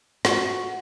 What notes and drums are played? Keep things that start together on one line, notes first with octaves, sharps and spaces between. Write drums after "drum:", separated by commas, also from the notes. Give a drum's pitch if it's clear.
F#4, drum: snare